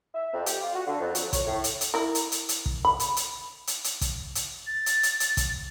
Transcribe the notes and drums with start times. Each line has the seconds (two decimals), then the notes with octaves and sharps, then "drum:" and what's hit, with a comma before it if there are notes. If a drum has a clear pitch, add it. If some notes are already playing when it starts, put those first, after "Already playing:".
0.15 E5
0.34 F2
0.46 G4, drum: hi-hat
0.61 F4
0.74 F#4
0.87 D3
1.00 F2
1.15 F#3, drum: hi-hat
1.33 C#5, drum: kick, hi-hat
1.47 A2
1.64 drum: hi-hat
1.81 drum: hi-hat
1.94 E4 A#4
2.15 drum: hi-hat
2.32 drum: hi-hat
2.49 drum: hi-hat
2.66 drum: kick
2.85 B5
3.00 drum: hi-hat
3.17 drum: hi-hat
3.67 drum: hi-hat
3.84 drum: hi-hat
4.01 drum: kick, hi-hat
4.35 drum: hi-hat
4.67 A6
4.86 drum: hi-hat
5.03 drum: hi-hat
5.20 drum: hi-hat
5.37 drum: kick, hi-hat